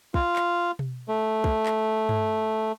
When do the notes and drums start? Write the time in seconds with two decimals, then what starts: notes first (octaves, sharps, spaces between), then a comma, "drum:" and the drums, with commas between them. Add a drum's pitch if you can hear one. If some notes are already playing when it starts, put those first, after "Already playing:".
0.14 F4, drum: kick
0.36 drum: clap
0.79 drum: tom B2
1.08 A3
1.44 drum: kick
1.66 drum: clap
2.09 drum: tom G2